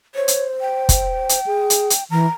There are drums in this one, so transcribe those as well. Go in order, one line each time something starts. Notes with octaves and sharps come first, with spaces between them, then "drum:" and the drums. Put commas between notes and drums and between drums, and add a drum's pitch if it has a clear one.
C5 C#5
drum: hi-hat
G5
drum: kick, hi-hat
drum: hi-hat
G#4
drum: hi-hat
drum: hi-hat
E3 A#5